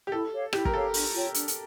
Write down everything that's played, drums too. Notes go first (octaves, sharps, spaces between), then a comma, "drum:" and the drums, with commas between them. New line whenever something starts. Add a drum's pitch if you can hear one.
G4
E4 A4
G4 C#5 F5
E4 G4, drum: rim click
A#4, drum: kick
G4 A4 C#5 F5
D4, drum: open hi-hat
F4 C#5 G5
D4, drum: hi-hat
drum: hi-hat